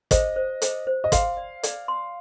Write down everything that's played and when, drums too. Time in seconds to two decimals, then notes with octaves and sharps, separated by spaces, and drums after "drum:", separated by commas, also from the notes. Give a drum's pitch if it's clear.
0.11 C5 D#5, drum: kick, hi-hat
0.36 C5
0.62 C5, drum: hi-hat
0.87 C5
1.04 D#5
1.12 F5 C6, drum: kick, hi-hat
1.37 D5
1.63 D5, drum: hi-hat
1.88 C6